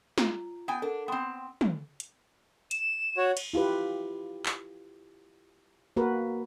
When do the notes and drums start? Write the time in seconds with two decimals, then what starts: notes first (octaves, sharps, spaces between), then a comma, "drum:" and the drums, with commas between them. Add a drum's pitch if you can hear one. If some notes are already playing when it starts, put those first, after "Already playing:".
0.18 F4 A#5, drum: snare
0.68 B3 G5 G#5
0.82 D4 A4 A#4 F#5
1.08 B3 C4 G5 C6
1.61 drum: tom
2.00 drum: hi-hat
2.71 E7, drum: hi-hat
3.17 F#4 C#5
3.37 drum: cymbal
3.53 E4 F4 G4 B4
4.46 drum: clap
5.96 A#3 F#4 A#4 B4